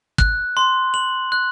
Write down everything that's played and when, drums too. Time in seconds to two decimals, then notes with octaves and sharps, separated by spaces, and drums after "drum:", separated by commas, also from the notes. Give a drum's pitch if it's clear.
0.18 F#6, drum: kick
0.57 C6
0.94 F#7
1.32 F#6